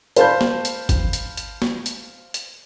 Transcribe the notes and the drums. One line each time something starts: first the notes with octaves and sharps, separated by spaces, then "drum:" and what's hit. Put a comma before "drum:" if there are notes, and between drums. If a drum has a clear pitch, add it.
C5 F5 A5 B5 G6, drum: hi-hat
drum: snare
drum: hi-hat
drum: kick G#1, hi-hat
drum: hi-hat
drum: hi-hat
drum: snare
drum: hi-hat
drum: hi-hat